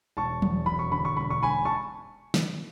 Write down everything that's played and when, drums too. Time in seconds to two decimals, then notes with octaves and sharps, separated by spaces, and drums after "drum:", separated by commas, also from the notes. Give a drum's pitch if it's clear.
0.17 E1 A5 C#6
0.42 E2, drum: tom F3
0.66 E1 B5
0.79 C#6
0.91 D3 B5
1.05 C#6
1.17 E1 B5
1.30 C#6
1.41 E1 G#5 B5
1.65 A5 C#6
2.34 drum: snare